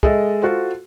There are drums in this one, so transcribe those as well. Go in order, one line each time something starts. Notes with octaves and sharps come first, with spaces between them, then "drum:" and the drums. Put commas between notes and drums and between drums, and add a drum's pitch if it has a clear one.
G#3 A4 D#5 E5, drum: kick
F4 F#4 A4 C5